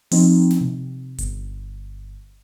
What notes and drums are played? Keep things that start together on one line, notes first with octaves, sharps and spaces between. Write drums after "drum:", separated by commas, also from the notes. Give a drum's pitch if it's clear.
F3 C4 D#4, drum: open hi-hat
drum: snare
C3
G1, drum: hi-hat